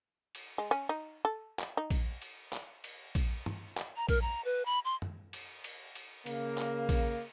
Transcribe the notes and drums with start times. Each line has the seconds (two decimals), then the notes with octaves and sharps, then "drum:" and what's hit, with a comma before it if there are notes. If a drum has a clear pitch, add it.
0.35 drum: cymbal
0.58 G#3
0.71 C#4
0.89 D#4
1.25 A4
1.59 drum: clap
1.77 D#4
1.90 drum: kick A#1, cymbal
2.22 drum: cymbal
2.53 drum: clap
2.84 drum: cymbal
3.15 drum: kick A#1, cymbal
3.46 drum: tom
3.77 drum: clap
3.97 A#5
4.09 A#4, drum: kick A#1, cymbal
4.22 A#5
4.45 B4
4.65 B5
4.85 C6
5.02 drum: tom
5.33 drum: cymbal
5.64 drum: cymbal
5.95 drum: cymbal
6.26 C#3 A#3, drum: cymbal
6.58 drum: clap
6.89 drum: kick A#1, cymbal